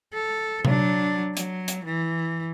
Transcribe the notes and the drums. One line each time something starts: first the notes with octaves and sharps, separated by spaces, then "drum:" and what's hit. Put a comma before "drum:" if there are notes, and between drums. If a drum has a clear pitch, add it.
A4
F#3 D4, drum: tom C3
F#3, drum: hi-hat
drum: hi-hat
E3